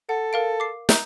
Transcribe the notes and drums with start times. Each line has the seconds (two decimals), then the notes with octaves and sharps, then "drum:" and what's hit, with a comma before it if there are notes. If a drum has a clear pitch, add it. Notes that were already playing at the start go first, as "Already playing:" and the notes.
0.09 A4 F#5
0.33 A#4 F5 D7
0.60 D6 C7
0.89 A#5 D#6 G6, drum: snare